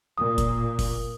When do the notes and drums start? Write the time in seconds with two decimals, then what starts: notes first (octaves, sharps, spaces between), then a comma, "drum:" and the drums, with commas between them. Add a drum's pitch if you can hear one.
0.18 A#2 D#6
0.38 drum: kick F1, hi-hat
0.79 drum: kick F1, open hi-hat